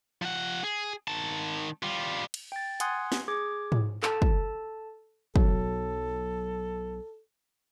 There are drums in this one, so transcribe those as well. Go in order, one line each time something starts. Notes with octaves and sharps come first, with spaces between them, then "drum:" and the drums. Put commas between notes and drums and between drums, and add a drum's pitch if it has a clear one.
F3 F#5
G#4
D#3 A5
G3 F4
drum: cymbal
G5 A6
F#5 G#5 C6 D#6 F#6 G#6, drum: hi-hat
drum: snare
G#4 D6 G#6
drum: tom G#2
A4 A5, drum: clap
drum: kick
B1 F#3 A4, drum: kick